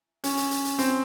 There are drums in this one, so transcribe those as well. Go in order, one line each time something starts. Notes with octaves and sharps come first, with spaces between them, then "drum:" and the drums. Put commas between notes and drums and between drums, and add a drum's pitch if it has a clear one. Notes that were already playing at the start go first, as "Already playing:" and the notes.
C#4, drum: hi-hat
drum: hi-hat
drum: hi-hat
drum: hi-hat
C4, drum: hi-hat